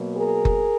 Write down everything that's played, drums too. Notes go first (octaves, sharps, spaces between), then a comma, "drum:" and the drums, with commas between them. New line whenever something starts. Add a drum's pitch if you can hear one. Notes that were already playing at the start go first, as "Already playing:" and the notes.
Already playing: B2 F#3 A#3
G#4 A#4
drum: kick F#1